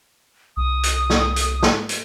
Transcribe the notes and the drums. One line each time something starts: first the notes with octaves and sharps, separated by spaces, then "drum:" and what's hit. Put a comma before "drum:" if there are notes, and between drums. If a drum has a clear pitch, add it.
C2 D#6
drum: hi-hat
drum: snare
drum: hi-hat
drum: snare
drum: hi-hat